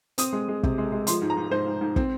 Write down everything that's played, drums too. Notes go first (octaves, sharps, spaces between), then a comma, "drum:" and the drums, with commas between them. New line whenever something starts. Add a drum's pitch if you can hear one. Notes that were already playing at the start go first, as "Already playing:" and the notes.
C4 D#6, drum: hi-hat
G#3
G#3
C3, drum: kick
G#3
G#3
F3 C6, drum: hi-hat
G#2
A#5
G#2
G#2 C5
G#2
G#2
C4, drum: kick